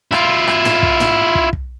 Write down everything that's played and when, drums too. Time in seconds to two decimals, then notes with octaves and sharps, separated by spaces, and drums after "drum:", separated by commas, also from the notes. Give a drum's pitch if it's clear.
0.12 E4 F4, drum: rim click
0.48 drum: rim click
0.65 drum: tom
0.83 drum: kick
1.00 drum: tom
1.35 drum: kick
1.53 drum: kick